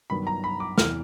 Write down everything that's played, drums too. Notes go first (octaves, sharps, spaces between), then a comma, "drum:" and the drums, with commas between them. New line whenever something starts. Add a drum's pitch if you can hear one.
G2 D#3 F#3 B3 B5
A#5
B5
D6
E2 C3 E3 F6, drum: snare